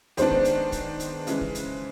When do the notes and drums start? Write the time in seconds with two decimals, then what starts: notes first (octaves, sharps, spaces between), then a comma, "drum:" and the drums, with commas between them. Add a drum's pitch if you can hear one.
0.17 D#3 G#3 B3 D4 C5, drum: hi-hat
0.31 drum: kick
0.45 drum: hi-hat
0.72 drum: kick, hi-hat
1.00 drum: hi-hat
1.27 C#3 E3 G#3, drum: hi-hat
1.41 drum: kick
1.55 drum: hi-hat